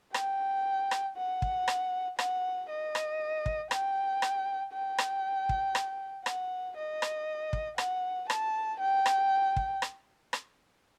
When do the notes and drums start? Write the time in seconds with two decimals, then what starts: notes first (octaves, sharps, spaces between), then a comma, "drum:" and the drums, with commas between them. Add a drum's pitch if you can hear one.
0.14 G5, drum: rim click
0.91 drum: rim click
1.17 F#5
1.42 drum: kick
1.68 drum: rim click
2.19 F#5, drum: rim click
2.69 D#5
2.95 drum: rim click
3.46 drum: kick
3.71 G5, drum: rim click
4.22 drum: rim click
4.73 G5
4.98 drum: rim click
5.49 drum: kick
5.75 drum: rim click
6.26 F#5, drum: rim click
6.77 D#5
7.02 drum: rim click
7.53 drum: kick
7.78 F#5, drum: rim click
8.30 A5, drum: rim click
8.80 G5
9.06 drum: rim click
9.56 drum: kick
9.82 drum: rim click
10.33 drum: rim click